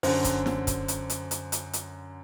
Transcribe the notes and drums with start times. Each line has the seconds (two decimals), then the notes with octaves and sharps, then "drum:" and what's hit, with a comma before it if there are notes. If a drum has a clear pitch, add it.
0.03 F#2 D3 C5, drum: open hi-hat
0.24 drum: kick, hi-hat
0.46 drum: snare
0.67 drum: kick, hi-hat
0.88 drum: hi-hat
1.10 drum: hi-hat
1.31 drum: hi-hat
1.52 drum: hi-hat
1.73 drum: hi-hat